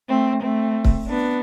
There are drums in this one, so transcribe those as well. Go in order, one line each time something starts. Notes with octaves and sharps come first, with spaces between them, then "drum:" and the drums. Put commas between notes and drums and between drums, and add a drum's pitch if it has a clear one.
A3 C4
A3 C4
drum: kick C#1
B3 D4